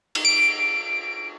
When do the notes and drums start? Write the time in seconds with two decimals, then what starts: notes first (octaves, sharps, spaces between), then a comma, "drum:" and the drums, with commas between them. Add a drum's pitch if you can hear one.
0.15 drum: cymbal
0.25 D7